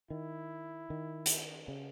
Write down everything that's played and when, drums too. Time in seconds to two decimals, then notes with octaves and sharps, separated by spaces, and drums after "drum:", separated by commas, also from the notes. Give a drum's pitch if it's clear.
0.10 D#3 E4
0.90 D#3
1.26 drum: hi-hat
1.68 C#3